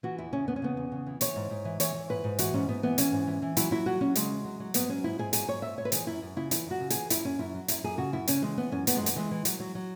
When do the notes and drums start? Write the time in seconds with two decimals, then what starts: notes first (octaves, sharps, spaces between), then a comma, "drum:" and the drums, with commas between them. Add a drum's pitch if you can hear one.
0.03 E3 F#4
0.18 E2 E4
0.32 C#3 C#4
0.47 E2 B3
0.56 C#4
0.62 C#3 B3
0.77 E2
0.92 C#3
1.06 E3
1.21 E3 C#5, drum: hi-hat
1.36 G#2
1.50 G#2
1.65 E3
1.80 E3 C#5, drum: hi-hat
1.94 E3
2.09 G#2 B4
2.24 G#2
2.39 E3 F#4, drum: hi-hat
2.53 G#2 C#4
2.68 G#2 B3
2.83 E3 B3
2.98 E3 C#4, drum: hi-hat
3.12 G#2
3.27 E3
3.42 E3
3.57 F#3 E4, drum: hi-hat
3.71 F#3 E4
3.86 F#3 F#4
4.01 F#3 C#4
4.15 C#3 G#3, drum: hi-hat
4.30 E2
4.45 F#3
4.60 F#3
4.74 G#2 B3, drum: hi-hat
4.89 F#3 C#4
5.04 G#2 E4
5.19 G#2 G#4
5.33 F#3 G#4, drum: hi-hat
5.48 G#2 C#5
5.62 G#2 E5
5.77 G#2 C#5
5.85 B4
5.92 E3 G#4, drum: hi-hat
6.07 F#2 E4
6.22 F#2
6.36 C#3 E4
6.51 E3 E4, drum: hi-hat
6.66 F#2 F#4
6.80 C#3
6.90 E3 G#4, drum: hi-hat
7.10 F#2 E4, drum: hi-hat
7.24 F#2 C#4
7.39 F#2 E4
7.54 F#3
7.68 F#2 E4, drum: hi-hat
7.84 F#2 G#4
7.98 C#3 F#4
8.12 F#2 E4
8.28 C#3 C#4, drum: hi-hat
8.42 E3 G#3
8.57 E3 B3
8.72 F#2 C#4
8.87 F#2 B3, drum: hi-hat
8.97 E3 G#3
9.06 drum: hi-hat
9.16 E3 G#3
9.31 E3
9.45 F#3, drum: hi-hat
9.60 F#3
9.75 F#3